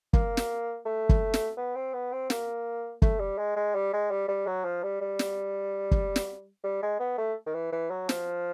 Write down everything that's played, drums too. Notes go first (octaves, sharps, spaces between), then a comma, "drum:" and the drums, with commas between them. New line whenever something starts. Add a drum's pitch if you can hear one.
A#3, drum: kick
drum: snare
A3
drum: kick
drum: snare
B3
C4
B3
C4
A#3, drum: snare
A3, drum: kick
G3
G#3
G#3
G3
G#3
G3
G3
F#3
F3
G3
G3
drum: snare
drum: kick
drum: snare
G3
G#3
B3
A3
D#3
E3
E3
F#3
F3, drum: snare